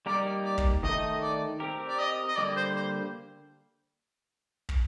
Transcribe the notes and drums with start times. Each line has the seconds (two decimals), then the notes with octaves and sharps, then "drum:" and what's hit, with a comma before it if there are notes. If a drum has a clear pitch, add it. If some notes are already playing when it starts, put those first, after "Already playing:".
0.06 G3 A#3 D#4 G4 A#4 D5
0.45 D5
0.58 drum: kick
0.83 D#3 A3 D#4 D#5
1.22 D5
1.60 C4 G4 A#4
1.89 D5
1.99 D#5
2.28 D#5
2.37 D3 G3 A#3 D5
2.57 C5
2.76 C5
4.69 drum: kick